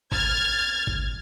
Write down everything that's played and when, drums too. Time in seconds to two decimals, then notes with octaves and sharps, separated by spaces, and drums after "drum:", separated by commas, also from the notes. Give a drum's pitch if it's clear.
0.12 F6 G#6 A6, drum: kick G#1
0.87 drum: kick G#1